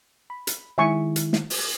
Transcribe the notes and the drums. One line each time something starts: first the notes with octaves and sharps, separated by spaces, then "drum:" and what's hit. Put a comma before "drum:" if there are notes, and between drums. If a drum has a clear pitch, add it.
B5
drum: hi-hat
D#3 G#3 E4 E5 G#5 C#6
drum: hi-hat
drum: snare
drum: open hi-hat